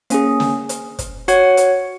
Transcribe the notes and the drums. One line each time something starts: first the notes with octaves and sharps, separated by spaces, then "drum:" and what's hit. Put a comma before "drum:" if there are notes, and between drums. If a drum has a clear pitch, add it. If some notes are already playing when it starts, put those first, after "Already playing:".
A#3 C#4 G#4, drum: hi-hat
drum: snare
drum: hi-hat
drum: kick, hi-hat
F#4 C#5 F#5, drum: hi-hat
drum: hi-hat